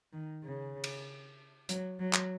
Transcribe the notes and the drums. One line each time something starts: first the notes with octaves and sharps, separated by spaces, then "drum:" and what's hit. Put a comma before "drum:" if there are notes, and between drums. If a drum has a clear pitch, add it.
D#3
C#3
drum: cymbal
F#3, drum: hi-hat
F#3
drum: clap